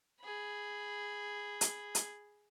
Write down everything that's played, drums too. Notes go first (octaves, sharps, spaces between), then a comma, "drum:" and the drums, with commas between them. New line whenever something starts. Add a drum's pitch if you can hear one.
G#4 B5
drum: hi-hat
drum: hi-hat